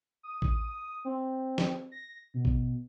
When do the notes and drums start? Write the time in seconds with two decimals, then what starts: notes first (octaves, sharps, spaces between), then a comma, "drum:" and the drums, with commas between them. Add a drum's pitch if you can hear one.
0.23 D#6
0.42 drum: kick A1
1.05 C4
1.58 drum: snare
1.92 A#6
2.34 B2
2.45 drum: kick A1